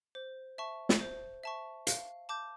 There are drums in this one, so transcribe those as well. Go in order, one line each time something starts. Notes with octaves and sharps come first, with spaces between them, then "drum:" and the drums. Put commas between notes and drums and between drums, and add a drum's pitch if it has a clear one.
C5
E5 A5 C#6
drum: snare
C5
E5 A5 C#6
F5, drum: hi-hat
A5 D6 G6